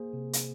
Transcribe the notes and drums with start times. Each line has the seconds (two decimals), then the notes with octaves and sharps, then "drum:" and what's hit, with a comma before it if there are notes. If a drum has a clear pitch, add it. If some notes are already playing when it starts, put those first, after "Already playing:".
Already playing: A#3 G#4 C5
0.13 C3
0.33 drum: hi-hat